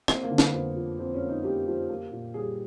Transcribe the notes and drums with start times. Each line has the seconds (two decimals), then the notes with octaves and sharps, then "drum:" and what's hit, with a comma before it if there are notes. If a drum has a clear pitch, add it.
0.08 A#3 C4, drum: rim click
0.23 A#3
0.30 D3
0.38 B3, drum: snare
0.53 F2
0.76 F3
0.99 F2 C4
1.14 C#4
1.21 A#3
1.29 D#4
1.43 A#3 G4
1.67 F3
1.89 A#3
2.11 A#2
2.34 G3 G#4